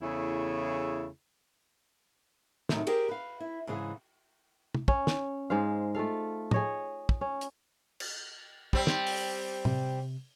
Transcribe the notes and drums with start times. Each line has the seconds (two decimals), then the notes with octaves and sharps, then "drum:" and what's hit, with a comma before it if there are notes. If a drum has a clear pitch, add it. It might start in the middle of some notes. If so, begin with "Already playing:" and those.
0.02 E2 C#3 A3 E4 G#4
2.69 A2 C3 D#3 F#3 A3, drum: snare
2.87 G4 G#4 A#4 C5 G5, drum: cymbal
3.08 B4 F5
3.40 E4
3.67 G#2 C#3 E3 G#4
4.75 drum: tom
4.88 C#4, drum: kick
5.07 drum: snare
5.50 G#2 G#3 C5 F5
5.94 A3 F4 A4 F5
6.51 G#4 C#5 D#5, drum: tom
7.09 drum: kick
7.21 C#4
7.41 drum: hi-hat
8.00 drum: cymbal
8.73 G3 C4, drum: kick
8.87 drum: snare
9.07 drum: open hi-hat
9.65 C3, drum: tom